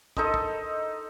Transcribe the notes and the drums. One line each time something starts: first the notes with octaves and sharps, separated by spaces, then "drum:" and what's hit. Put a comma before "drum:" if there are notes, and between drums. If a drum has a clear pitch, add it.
D#4 A4 C5 D#5, drum: kick
drum: kick